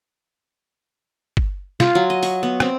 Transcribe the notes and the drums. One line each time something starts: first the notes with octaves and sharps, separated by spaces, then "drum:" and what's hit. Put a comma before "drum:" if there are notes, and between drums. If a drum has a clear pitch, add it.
drum: kick G1
F4, drum: snare
F#3
D#5
C#6, drum: open hi-hat
B3
C4, drum: rim click